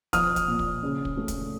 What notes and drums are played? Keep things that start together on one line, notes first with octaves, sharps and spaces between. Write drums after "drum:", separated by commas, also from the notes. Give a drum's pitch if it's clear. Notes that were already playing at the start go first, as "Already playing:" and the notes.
F3 D#6 F6, drum: kick, hi-hat
drum: kick, hi-hat
A#2
drum: kick
C#3
drum: kick
A3
drum: kick, hi-hat